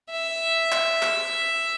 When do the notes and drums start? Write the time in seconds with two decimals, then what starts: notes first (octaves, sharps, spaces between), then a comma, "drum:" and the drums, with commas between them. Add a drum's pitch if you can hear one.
0.11 E5
0.72 drum: clap
1.02 drum: clap